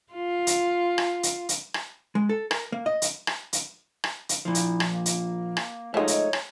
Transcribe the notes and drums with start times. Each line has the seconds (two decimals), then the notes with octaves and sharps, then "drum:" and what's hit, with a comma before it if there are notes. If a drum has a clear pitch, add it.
0.13 F4
0.47 drum: hi-hat
0.98 drum: rim click
1.23 drum: hi-hat
1.49 drum: hi-hat
1.74 drum: rim click
2.15 G#3
2.29 A4
2.51 A#4, drum: rim click
2.72 A#3
2.86 D#5
3.02 drum: hi-hat
3.27 drum: rim click
3.53 drum: hi-hat
4.04 drum: rim click
4.29 drum: hi-hat
4.45 A#2 F3 E4
4.55 drum: hi-hat
4.80 drum: rim click
4.91 A#3
5.06 drum: hi-hat
5.57 drum: rim click
5.94 F3 G#3 A3 D#4 C#5
6.08 drum: hi-hat
6.33 drum: rim click